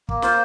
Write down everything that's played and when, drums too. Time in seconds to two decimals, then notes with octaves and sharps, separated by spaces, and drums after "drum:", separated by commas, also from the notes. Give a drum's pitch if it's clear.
0.09 A#3, drum: kick
0.22 F4 C5, drum: snare